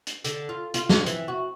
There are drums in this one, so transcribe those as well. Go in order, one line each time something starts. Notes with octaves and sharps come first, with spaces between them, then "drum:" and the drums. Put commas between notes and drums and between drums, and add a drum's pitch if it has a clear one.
drum: hi-hat
D3, drum: hi-hat
F4
F4, drum: hi-hat
F2, drum: snare
E3, drum: hi-hat
F#4